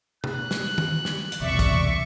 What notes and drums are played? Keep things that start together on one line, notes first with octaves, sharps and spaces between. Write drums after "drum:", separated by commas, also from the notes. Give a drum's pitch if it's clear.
F#6, drum: tom
drum: snare
drum: tom
drum: snare
drum: hi-hat
B1 E2 C3 D5 E5 C#6
drum: kick, hi-hat